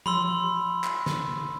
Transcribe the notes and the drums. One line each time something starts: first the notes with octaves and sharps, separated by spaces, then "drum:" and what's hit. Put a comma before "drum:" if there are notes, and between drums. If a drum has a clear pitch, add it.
B5 C6 E6, drum: tom F3
drum: clap
drum: snare